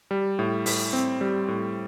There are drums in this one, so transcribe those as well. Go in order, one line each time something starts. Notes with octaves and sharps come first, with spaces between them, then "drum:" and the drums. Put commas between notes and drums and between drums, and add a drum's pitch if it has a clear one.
G3
A2
A2, drum: open hi-hat
C4
G3
A2